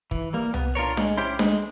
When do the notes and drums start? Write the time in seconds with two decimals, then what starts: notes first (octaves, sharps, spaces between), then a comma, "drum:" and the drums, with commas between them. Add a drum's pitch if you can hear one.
0.11 E3, drum: kick
0.34 G3 A#3
0.54 B3, drum: tom C2
0.75 D4 F4 A#4 C#5
0.97 G#3, drum: snare D4
1.17 C#4 E4 G4 C5
1.39 G#3, drum: snare D4